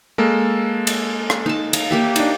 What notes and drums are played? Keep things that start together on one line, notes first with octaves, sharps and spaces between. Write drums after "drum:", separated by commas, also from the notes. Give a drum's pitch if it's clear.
G#3 A#3 A4
drum: cymbal
drum: rim click
D#4 A5
F5, drum: cymbal
A#3 G4 E5
D4 D#4, drum: cymbal